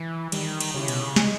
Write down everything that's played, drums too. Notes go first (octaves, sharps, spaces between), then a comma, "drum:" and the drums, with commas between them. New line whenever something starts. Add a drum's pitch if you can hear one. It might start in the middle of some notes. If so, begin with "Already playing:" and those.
Already playing: E3
D#3 G3, drum: cymbal
drum: cymbal
C#3 C#4 E4 G4 C#5
B2, drum: cymbal
C#3
G3 G#3, drum: snare